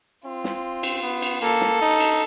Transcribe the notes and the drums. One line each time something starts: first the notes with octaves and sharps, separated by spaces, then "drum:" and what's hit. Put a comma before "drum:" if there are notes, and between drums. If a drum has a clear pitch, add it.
C4 F4
drum: snare
drum: cymbal
B3
drum: cymbal
A#3 A4
drum: snare
D#4
drum: cymbal